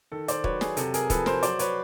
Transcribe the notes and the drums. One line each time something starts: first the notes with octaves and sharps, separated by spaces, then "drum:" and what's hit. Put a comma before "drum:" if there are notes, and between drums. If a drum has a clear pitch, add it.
D#3 A4
C5 D5, drum: hi-hat
F#3 B4 C#5, drum: kick
G#4, drum: snare
C3 A4, drum: hi-hat
G#4 A#4, drum: hi-hat
F3 A4 B4, drum: kick, hi-hat
A#4 C5, drum: snare
F#3 C5 D5, drum: hi-hat
B4 C#5, drum: hi-hat